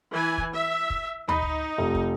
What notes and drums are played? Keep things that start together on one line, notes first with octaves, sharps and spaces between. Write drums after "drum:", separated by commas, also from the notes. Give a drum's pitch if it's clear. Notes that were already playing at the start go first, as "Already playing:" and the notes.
E3 G#5
drum: kick
E5
drum: kick
D#4 B5, drum: tom D2
drum: kick
F1 F4
drum: kick